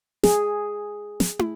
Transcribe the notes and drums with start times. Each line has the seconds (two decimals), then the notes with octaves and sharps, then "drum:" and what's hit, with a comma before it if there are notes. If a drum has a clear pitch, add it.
0.24 G#4, drum: snare
1.20 drum: snare
1.39 drum: tom